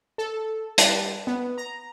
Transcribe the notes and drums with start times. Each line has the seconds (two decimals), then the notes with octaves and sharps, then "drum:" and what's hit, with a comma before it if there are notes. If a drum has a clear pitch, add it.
0.18 A4
0.78 G3, drum: hi-hat
1.27 B3
1.58 A#5